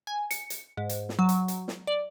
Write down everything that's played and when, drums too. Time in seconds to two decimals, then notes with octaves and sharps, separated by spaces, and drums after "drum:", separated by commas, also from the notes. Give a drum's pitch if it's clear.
0.07 G#5
0.31 C#7, drum: hi-hat
0.50 drum: hi-hat
0.77 G#2
0.89 drum: hi-hat
1.09 drum: snare
1.19 F#3
1.29 drum: hi-hat
1.48 drum: hi-hat
1.68 drum: snare
1.87 D5